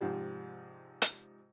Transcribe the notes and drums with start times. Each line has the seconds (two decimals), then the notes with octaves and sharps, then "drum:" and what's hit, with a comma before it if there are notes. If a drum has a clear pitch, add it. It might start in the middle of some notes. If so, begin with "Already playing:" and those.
0.01 G#2 C3 F3 G3
1.02 drum: hi-hat